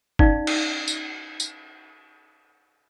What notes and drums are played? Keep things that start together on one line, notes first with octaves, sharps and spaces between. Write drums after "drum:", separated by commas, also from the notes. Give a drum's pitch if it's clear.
C#4 D#4 D5 F5, drum: kick
drum: cymbal
drum: tambourine
drum: tambourine